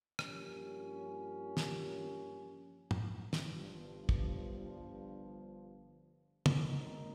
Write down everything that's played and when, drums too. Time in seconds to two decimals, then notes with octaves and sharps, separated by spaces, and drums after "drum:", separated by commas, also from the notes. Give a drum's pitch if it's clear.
0.19 G2 F3 A#3 C#4 G4, drum: rim click
1.57 drum: snare
2.91 drum: tom
3.33 G1 G2 F3, drum: snare
4.09 drum: kick
6.46 G#1 G#2 D#3 A#3 D#4, drum: tom